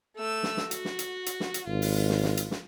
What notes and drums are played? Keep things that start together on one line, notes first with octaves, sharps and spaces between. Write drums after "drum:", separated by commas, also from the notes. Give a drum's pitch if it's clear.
A3 E6
drum: snare
drum: snare
F#4, drum: hi-hat
drum: snare
drum: hi-hat
drum: hi-hat
drum: snare
drum: hi-hat
G#1 F4
drum: open hi-hat
drum: snare
drum: snare
drum: hi-hat
drum: snare